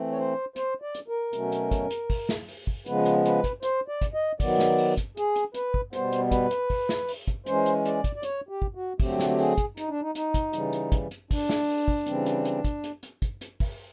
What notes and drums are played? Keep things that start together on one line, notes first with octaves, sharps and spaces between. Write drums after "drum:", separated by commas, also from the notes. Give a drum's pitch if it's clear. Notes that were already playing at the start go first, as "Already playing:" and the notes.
Already playing: E3 A3 C4
C#5
C5
C5, drum: hi-hat
D5
drum: hi-hat
A#4
B2 F#3 A3 C#4, drum: hi-hat
drum: hi-hat
drum: kick, hi-hat
drum: hi-hat
drum: kick, open hi-hat
drum: snare
drum: open hi-hat
drum: kick
C#3 F3 G#3 B3 B4, drum: hi-hat
drum: hi-hat
B4, drum: hi-hat
drum: kick, hi-hat
C5, drum: hi-hat
D5
drum: kick, hi-hat
D#5
D#3 F#3 B3 D5, drum: kick, open hi-hat
drum: snare
drum: open hi-hat
drum: kick, hi-hat
G#4, drum: hi-hat
drum: hi-hat
B4, drum: hi-hat
drum: kick
B2 G3 B3 C5, drum: hi-hat
drum: hi-hat
B4, drum: kick, hi-hat
drum: hi-hat
drum: kick, open hi-hat
drum: snare
drum: open hi-hat
drum: kick, hi-hat
E3 G#3 C#4 C5, drum: hi-hat
drum: hi-hat
D5, drum: hi-hat
drum: kick, hi-hat
D5
C#5, drum: hi-hat
G4
drum: kick
F#4
D3 F#3 A3 C4 G4, drum: kick, open hi-hat
drum: snare
G4
G#4, drum: open hi-hat
drum: kick, hi-hat
D#4, drum: hi-hat
D4
D#4
D#4, drum: hi-hat
drum: kick, hi-hat
C#3 E3 G3, drum: hi-hat
drum: hi-hat
drum: kick, hi-hat
drum: hi-hat
D4, drum: kick, open hi-hat
drum: snare
drum: open hi-hat
drum: kick
C#3 E3 G3 C4, drum: hi-hat
drum: hi-hat
drum: hi-hat
drum: kick, hi-hat
drum: hi-hat
drum: hi-hat
drum: kick, hi-hat
drum: hi-hat
drum: kick, open hi-hat